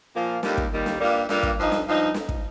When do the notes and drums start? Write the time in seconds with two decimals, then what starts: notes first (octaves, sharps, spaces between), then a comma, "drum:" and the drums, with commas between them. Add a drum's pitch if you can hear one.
0.15 A#2 F3 A#3 F4
0.43 D#2 D#3 G3 A#3, drum: snare
0.57 drum: kick
0.72 D#2 D#3 G3 A#3
0.86 drum: snare
1.00 G2 G3 A#3 F4
1.29 G2 G3 A#3 F4, drum: snare
1.43 drum: kick
1.57 G2 F3 D#4
1.72 drum: snare
1.86 G2 F3 D#4
2.14 drum: snare
2.29 drum: kick